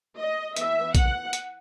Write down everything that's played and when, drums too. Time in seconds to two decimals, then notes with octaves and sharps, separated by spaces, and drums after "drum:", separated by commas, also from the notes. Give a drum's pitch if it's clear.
0.18 D#5
0.56 E3 B3 E5, drum: hi-hat
0.95 F#5, drum: kick A#1, hi-hat
1.33 drum: hi-hat